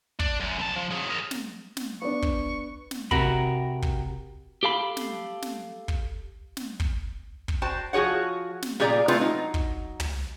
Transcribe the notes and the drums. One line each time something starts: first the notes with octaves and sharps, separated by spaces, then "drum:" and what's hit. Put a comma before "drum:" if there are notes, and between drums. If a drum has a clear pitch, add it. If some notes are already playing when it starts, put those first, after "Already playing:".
D4, drum: kick
F#2
C2 A5
F3
F#3 G#4
G#4 A#4
drum: snare
drum: snare
B3 D4 C#6
drum: kick
drum: snare
C3 F#4 A#4 B5, drum: kick
drum: kick
G4 A4 F5 B5
drum: snare
drum: snare
drum: kick
drum: snare
drum: kick
drum: kick
F#4 C5 G5 A5
F3 F#4 G#4 C#5 F#5
drum: snare
A#2 G4 G#4 D5 A#5
A3 C4 F4 G#4 B4, drum: snare
F#3 D#4
drum: kick
drum: tom